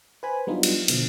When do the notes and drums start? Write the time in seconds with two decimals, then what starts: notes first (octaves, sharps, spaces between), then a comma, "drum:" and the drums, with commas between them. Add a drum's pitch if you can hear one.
0.23 B4 C5 G#5 B5
0.47 F#3 G3 B3 D4 D#4 F4
0.63 drum: cymbal
0.88 B2 D3 F3, drum: cymbal